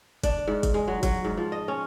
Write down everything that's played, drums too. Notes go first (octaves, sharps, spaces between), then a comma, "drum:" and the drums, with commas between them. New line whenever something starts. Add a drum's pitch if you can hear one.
D4, drum: kick, hi-hat
G#2
drum: kick, hi-hat
G#3
F#3
F#3, drum: kick, hi-hat
G#2
F3
D#5
C#4